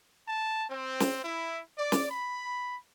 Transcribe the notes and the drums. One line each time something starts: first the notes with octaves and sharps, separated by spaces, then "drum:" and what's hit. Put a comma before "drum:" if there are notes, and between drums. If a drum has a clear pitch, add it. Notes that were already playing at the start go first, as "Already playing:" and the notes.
A5
C4
drum: snare
E4
D5
drum: snare
B5